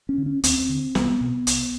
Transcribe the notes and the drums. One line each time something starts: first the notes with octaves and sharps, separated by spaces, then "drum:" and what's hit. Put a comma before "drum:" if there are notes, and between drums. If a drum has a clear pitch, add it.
C#4
D3
C#4
D#2 C4, drum: hi-hat
D3
C2 B3, drum: snare
B2
C2, drum: hi-hat